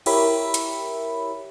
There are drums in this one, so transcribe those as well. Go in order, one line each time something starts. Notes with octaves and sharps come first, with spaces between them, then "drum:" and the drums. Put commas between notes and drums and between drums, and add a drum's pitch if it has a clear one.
E4 G4 A#4 C#5 E5 B5, drum: cymbal
drum: hi-hat